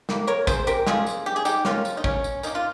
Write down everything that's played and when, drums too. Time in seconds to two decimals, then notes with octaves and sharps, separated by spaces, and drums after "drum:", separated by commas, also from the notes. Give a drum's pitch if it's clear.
0.09 C3 G3 A#3, drum: snare
0.27 A#4 C#5
0.47 G#4 C5, drum: kick, tambourine
0.67 G4 A#4, drum: tambourine
0.87 C#3 F3 A#3 F4 G#4, drum: snare
1.06 drum: tambourine
1.26 G4
1.36 G#4
1.45 D#4 G4, drum: tambourine
1.65 C#3 F3 A#3 C#4 F4, drum: snare
1.85 drum: tambourine
1.97 D#4
2.04 C#4, drum: kick
2.24 drum: tambourine
2.43 D#3 A#3 D#4, drum: tambourine
2.55 F4